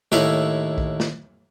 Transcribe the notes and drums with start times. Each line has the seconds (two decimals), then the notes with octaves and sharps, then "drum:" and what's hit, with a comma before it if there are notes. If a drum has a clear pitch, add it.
0.12 D#2 A2 E4 B4 F5, drum: snare
0.78 drum: kick
1.00 drum: snare